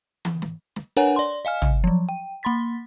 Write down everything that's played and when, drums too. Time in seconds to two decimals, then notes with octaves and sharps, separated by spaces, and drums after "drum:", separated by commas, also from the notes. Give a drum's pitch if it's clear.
0.25 drum: tom E3
0.42 drum: snare
0.76 drum: snare
0.97 D4 A#4 B4 C#5 F#5 G#5
1.16 D5 C6
1.45 D#5 F5 G#5 F6
1.62 drum: tom
1.84 F3 F#3
2.09 G5
2.43 A#3 B5 C6 A6 B6